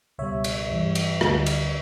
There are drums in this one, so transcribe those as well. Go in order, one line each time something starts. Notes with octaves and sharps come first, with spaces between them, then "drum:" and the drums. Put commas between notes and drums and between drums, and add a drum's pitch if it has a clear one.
C#2 B2 G3 C#5 E5
drum: cymbal
G2 E3 G3
drum: cymbal
D2 D3 G3, drum: rim click
drum: cymbal